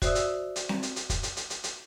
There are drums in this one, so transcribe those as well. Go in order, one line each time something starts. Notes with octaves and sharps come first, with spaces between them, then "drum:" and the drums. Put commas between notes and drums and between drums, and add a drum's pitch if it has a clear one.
F#4 C5 D5 E5 D#6 E6, drum: kick, hi-hat
drum: hi-hat
drum: hi-hat
drum: snare C4
drum: hi-hat
drum: hi-hat
drum: kick, hi-hat
drum: hi-hat
drum: hi-hat
drum: hi-hat
drum: hi-hat